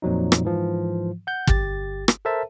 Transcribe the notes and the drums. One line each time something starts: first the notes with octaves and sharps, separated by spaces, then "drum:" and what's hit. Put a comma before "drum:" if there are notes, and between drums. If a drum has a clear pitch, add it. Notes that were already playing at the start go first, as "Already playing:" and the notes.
F2 A#2 F3 F#3 D#4
drum: rim click
G#2 E3 F3
F#5 G6
G1 G4 A6, drum: kick
drum: rim click
A4 A#4 C5 E5 A5